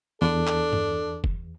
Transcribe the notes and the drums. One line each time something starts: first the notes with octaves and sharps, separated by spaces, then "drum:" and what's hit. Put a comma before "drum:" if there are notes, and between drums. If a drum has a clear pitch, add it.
E2 D4 A4
drum: clap
drum: tom G2
drum: kick